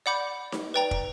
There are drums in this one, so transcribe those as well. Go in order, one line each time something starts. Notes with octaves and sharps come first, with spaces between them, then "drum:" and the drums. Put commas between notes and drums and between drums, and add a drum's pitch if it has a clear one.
D5 F#5 B5 D6 G6
drum: snare D#4
B4 D5 G5 A#5
drum: kick